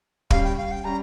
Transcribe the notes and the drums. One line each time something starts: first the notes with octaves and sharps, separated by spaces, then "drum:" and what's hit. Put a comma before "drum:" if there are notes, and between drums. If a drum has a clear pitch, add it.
G3 C#4 G4 F5, drum: kick
G5
F5
G5
G3 C#4 A#5